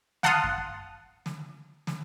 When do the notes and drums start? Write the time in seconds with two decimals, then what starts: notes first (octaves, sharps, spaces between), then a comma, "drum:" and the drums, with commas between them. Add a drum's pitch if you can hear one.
0.23 F5 F#5 A5 C6 D#6 F6, drum: snare
0.44 drum: kick F#2
1.26 drum: snare
1.87 drum: snare